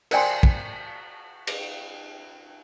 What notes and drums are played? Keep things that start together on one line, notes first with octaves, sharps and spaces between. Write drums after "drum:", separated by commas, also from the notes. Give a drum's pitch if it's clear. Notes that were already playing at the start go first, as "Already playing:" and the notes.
A#4 C5 D5 G5 G#5 C6, drum: cymbal
drum: kick
drum: cymbal